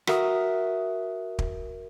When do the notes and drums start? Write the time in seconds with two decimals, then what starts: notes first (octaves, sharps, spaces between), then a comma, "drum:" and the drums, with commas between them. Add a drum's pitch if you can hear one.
0.07 F#4 A#4 E5 D#6, drum: rim click
1.39 drum: kick